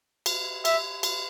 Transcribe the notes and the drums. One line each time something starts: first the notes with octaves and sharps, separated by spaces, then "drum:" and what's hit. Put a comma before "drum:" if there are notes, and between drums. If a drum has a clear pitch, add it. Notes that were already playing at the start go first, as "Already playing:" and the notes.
drum: cymbal
E5, drum: cymbal
drum: cymbal